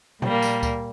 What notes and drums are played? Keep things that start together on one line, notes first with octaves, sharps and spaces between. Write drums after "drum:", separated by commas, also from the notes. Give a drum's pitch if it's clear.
A#2 G3 A#3, drum: tom A#2
drum: tambourine
drum: kick C#2, tambourine